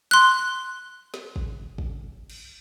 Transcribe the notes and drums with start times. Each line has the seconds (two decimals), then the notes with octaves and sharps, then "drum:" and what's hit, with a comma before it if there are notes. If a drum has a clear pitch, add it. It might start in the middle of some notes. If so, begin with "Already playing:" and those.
0.11 C6 F#6
1.14 drum: snare
1.36 drum: kick
1.78 drum: kick
2.30 drum: cymbal